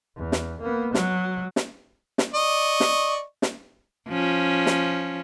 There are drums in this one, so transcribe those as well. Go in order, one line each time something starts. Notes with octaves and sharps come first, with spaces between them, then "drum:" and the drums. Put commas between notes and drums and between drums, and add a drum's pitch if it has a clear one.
E2
drum: snare
A#3 B3
F#3, drum: snare
drum: snare
drum: snare
D5 D#5 C#6
drum: snare
drum: snare
F3 C#4
drum: snare